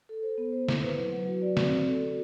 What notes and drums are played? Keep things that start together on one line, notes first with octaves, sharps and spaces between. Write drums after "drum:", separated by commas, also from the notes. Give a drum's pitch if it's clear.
A4
C5
B3
C5
E4, drum: snare
B4
F#3
F#3
F#4
D5
C4, drum: snare
C4
A4
F#4